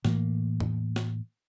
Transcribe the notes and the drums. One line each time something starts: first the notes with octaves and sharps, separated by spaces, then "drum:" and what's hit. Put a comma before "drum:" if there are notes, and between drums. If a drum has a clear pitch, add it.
A2 E3 A3 A#3, drum: snare
drum: tom E2
drum: snare